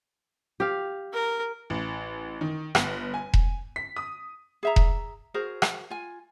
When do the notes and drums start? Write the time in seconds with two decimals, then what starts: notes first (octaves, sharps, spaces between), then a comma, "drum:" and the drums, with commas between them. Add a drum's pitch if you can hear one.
0.60 G4 F5
1.13 A#4
1.70 A1
2.41 D#3
2.75 G1, drum: rim click
3.14 G#5
3.34 drum: kick E1
3.76 B6
3.97 D#6
4.63 G#4 E5 A#5
4.76 drum: kick E1
5.34 F#4 G#4 A#4 C5
5.62 drum: rim click
5.90 F4 G#5